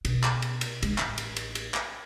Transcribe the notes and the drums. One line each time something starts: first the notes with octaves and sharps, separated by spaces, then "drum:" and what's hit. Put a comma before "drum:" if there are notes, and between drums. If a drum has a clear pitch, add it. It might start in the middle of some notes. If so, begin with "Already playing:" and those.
B2, drum: cymbal
drum: clap
drum: cymbal
drum: cymbal
G#2, drum: cymbal
A1, drum: clap
drum: cymbal
drum: cymbal
drum: cymbal
drum: clap